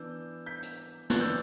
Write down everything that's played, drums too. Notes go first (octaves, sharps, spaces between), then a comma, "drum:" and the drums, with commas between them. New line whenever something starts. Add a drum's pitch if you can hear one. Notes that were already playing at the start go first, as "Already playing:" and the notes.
Already playing: E3 B3 D4 E6 G6
G6 B6
drum: hi-hat
E3 B3 D4 F#6 A6, drum: snare
E6 G6